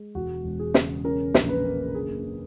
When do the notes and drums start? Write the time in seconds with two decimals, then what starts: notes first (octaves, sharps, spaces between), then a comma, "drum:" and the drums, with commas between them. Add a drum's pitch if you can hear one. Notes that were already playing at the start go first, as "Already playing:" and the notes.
Already playing: G#3
0.15 E1 F#4
0.44 E1
0.59 G#4
0.74 C#3, drum: snare
1.04 C#4 A#4
1.34 A#1, drum: snare
1.49 B4
1.64 A#3
1.95 F#1 G#4